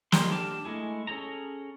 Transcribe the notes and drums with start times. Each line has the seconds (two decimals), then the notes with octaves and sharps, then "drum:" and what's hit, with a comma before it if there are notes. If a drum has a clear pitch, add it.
0.12 F3 G#3 G4 C6, drum: snare
0.31 D4 G4 A5 D6 F6
0.65 G#3 A3 E4 G#4
1.07 C#4 G#4 A4 A#5